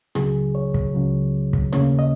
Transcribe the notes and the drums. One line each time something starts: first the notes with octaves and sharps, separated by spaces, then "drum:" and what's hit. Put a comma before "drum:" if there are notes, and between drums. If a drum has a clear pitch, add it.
C#2 C#3 F#3 G#4, drum: rim click
C#5
drum: kick
C#2 C#3 F#3
drum: kick
D#2 C#3 A#3 C#4 C#5, drum: rim click
D#5